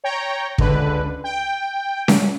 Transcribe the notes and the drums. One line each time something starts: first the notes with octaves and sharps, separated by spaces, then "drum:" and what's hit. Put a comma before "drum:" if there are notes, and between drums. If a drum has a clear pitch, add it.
C#5 G5 A#5
C#2 D3 B4, drum: kick
G5
drum: snare C#4